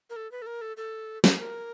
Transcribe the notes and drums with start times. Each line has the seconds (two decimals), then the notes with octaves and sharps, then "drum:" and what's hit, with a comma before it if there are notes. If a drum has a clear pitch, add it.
0.10 A#4
0.16 A4
0.32 B4
0.42 A4
0.47 A#4
0.61 A4
0.77 A4
1.24 A#4, drum: snare
1.39 A#4